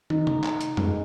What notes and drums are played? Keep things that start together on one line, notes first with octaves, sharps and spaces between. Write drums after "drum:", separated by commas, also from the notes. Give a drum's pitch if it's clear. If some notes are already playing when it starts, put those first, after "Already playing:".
D#4, drum: tom
drum: tom C3
drum: clap
drum: hi-hat
G#3, drum: tom